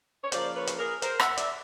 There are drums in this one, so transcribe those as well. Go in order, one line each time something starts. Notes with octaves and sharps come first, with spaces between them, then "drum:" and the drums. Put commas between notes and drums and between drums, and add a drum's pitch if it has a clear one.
C#5
C#3 F3 A#3 C5 D5, drum: hi-hat
B4 C#5
drum: hi-hat
G#4 A#4
A#4 C5, drum: hi-hat
E5 F#5, drum: rim click
D5 E5, drum: hi-hat